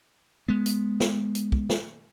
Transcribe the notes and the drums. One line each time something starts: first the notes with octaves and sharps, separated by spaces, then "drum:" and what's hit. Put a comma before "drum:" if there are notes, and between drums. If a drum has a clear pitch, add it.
G#3 B3
drum: hi-hat
drum: snare
drum: hi-hat
drum: kick
drum: snare